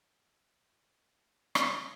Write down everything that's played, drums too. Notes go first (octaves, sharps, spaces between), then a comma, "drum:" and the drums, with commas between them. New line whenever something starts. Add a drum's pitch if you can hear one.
A4 B5
drum: rim click